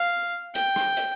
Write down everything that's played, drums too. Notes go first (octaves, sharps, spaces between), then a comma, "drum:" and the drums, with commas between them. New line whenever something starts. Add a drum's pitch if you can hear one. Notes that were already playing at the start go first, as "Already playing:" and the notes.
Already playing: F5
G5, drum: hi-hat
drum: rim click
drum: hi-hat